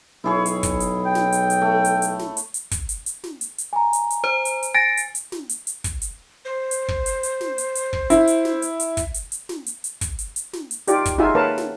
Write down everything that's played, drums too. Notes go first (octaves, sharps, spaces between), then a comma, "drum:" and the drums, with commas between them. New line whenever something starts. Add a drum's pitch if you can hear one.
B1 E4 G#4 C#5
drum: hi-hat
drum: kick, hi-hat
drum: hi-hat
G5
drum: snare
drum: hi-hat
drum: hi-hat
A3
drum: hi-hat
drum: hi-hat
drum: snare
drum: hi-hat
drum: hi-hat
drum: kick, hi-hat
drum: hi-hat
drum: hi-hat
drum: snare
drum: hi-hat
drum: hi-hat
G#5 A#5
drum: hi-hat
drum: hi-hat
C5
drum: hi-hat
drum: hi-hat
G#5 A6 A#6 D7
drum: hi-hat
drum: hi-hat
drum: snare
drum: hi-hat
drum: hi-hat
drum: kick, hi-hat
drum: hi-hat
C5
drum: hi-hat
drum: kick
drum: hi-hat
drum: hi-hat
drum: snare
drum: hi-hat
drum: hi-hat
drum: kick
E4, drum: hi-hat
drum: hi-hat
drum: snare
drum: hi-hat
drum: hi-hat
drum: kick, hi-hat
drum: hi-hat
drum: hi-hat
drum: snare
drum: hi-hat
drum: hi-hat
drum: kick, hi-hat
drum: hi-hat
drum: hi-hat
drum: snare
drum: hi-hat
D#4 F4 G4 D5, drum: hi-hat
drum: kick, hi-hat
D#4 F4 F#4 G#4 E5 G#5
A#3 A#4 B4 C#5 F5 A5
drum: snare